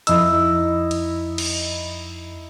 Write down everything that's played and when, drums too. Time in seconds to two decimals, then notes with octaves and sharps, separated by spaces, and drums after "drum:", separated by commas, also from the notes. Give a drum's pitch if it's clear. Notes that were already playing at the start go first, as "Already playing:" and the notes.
0.07 F2 D#4 E4 D#5 E6, drum: hi-hat
0.91 drum: cymbal
1.38 drum: cymbal